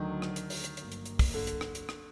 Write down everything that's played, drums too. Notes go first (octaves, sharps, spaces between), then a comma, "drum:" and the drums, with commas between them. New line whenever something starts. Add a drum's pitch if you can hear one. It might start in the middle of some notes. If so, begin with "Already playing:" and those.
Already playing: D2 D3 D#3 F#3
drum: rim click
drum: hi-hat
drum: open hi-hat
drum: hi-hat
G1 G2 F#3 A#3, drum: hi-hat
drum: hi-hat
drum: hi-hat
drum: kick, open hi-hat
D3
drum: hi-hat
drum: rim click
drum: hi-hat
drum: rim click